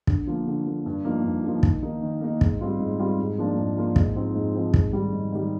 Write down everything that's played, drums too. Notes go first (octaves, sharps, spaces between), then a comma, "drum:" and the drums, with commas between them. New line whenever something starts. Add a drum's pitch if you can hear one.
D3, drum: kick
F3 A#3
D3
F3 A#3
G2
F3 A#3 D#4
G2
F3 A#3 D#4
D#3, drum: kick
A#3 D#4
D#3
A#3 D#4
G#2, drum: kick
G3 C4 F4
G#2
G3 C4 F4
G#2
F3 A#3 D4 F4
G#2
F3 A#3 D4 F4
G#2, drum: kick
F3 C4 D#4
G#2
F3 C4 D#4
G#2, drum: kick
D#3 G3
G#2
D#3 G3